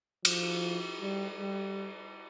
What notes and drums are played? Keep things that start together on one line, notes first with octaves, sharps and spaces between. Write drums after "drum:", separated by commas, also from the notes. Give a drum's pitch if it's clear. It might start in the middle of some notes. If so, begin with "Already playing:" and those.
F3, drum: cymbal
G3
G3